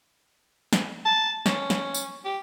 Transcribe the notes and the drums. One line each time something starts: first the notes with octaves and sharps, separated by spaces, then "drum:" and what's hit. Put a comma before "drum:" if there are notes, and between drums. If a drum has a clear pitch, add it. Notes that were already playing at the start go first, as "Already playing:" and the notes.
drum: snare
A5
C#4, drum: snare
drum: snare
drum: tambourine
G4